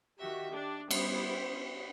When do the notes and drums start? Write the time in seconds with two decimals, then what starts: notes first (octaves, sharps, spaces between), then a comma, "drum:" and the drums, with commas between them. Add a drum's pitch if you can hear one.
0.20 D#3 F#4 G4 E5
0.52 D4
0.91 G3 B3 E4 C5, drum: cymbal